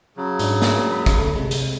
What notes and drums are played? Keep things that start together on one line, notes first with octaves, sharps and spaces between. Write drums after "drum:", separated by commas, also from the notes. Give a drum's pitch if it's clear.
C#3 F#3
G#2 D4, drum: hi-hat
drum: snare
B5
drum: kick, hi-hat
D2 A3 A4
C3 G#3
drum: hi-hat